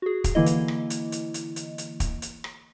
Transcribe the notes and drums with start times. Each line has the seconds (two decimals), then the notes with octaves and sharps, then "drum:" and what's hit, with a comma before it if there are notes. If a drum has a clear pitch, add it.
0.02 F#4 G#4
0.24 drum: kick, hi-hat
0.35 D3 E3 A#3 E4 D#5
0.46 drum: hi-hat
0.68 drum: rim click
0.90 drum: hi-hat
1.12 drum: hi-hat
1.34 drum: hi-hat
1.56 drum: hi-hat
1.78 drum: hi-hat
2.00 drum: kick, hi-hat
2.22 drum: hi-hat
2.44 drum: rim click